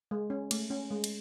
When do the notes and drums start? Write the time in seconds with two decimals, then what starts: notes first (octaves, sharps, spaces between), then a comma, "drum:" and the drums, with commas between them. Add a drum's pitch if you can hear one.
0.11 G#3
0.30 C#4
0.51 A3, drum: cymbal
0.70 C#4
0.91 G#3
1.04 drum: cymbal